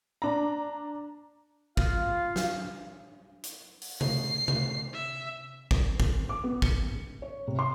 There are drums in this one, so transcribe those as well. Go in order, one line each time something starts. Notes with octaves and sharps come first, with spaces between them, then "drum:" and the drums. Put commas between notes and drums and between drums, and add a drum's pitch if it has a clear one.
D4 A#5
F4 F5, drum: kick
drum: snare
drum: hi-hat
drum: open hi-hat
C7, drum: tom C3
drum: tom C3
E5
drum: kick
drum: kick
D6
B3
C#7, drum: kick
C#5
C3
C6